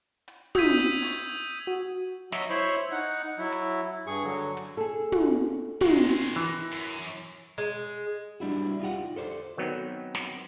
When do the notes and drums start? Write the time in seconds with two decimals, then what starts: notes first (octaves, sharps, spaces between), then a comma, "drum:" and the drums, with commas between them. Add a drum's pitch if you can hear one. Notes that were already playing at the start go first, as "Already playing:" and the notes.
0.28 drum: hi-hat
0.55 D#6 E6 G6 G#6 B6 D#7, drum: tom
0.80 drum: hi-hat
1.02 drum: open hi-hat
1.67 F#4
2.32 F#3 D#5 E5, drum: snare
2.50 E4 C5 C#5 E5 B5
2.92 D#4 F#5
3.39 F#3 E4
3.52 drum: hi-hat
4.07 G2 G#4 C#6
4.24 D3 F#3
4.57 drum: hi-hat
4.77 G#4 A4
5.12 drum: tom
5.81 D#3 G#3, drum: tom
6.36 E3
6.72 F#2
7.58 G#3
8.40 G3 D4 E4 F#4
8.80 D#4 F4 G4 F#5
9.16 A4 C5 D5
9.57 D#3 F#3 B3 C4 D#4
10.15 drum: snare